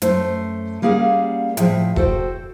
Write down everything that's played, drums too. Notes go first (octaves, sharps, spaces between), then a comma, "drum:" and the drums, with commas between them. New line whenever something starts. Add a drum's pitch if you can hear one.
F#2 A3 C5, drum: hi-hat
G3 A#3 C#4 G#4 F5 F#5
A2 F3 G#4 E5 G5, drum: hi-hat
F#4 A4 C5 D#5 G5, drum: kick E1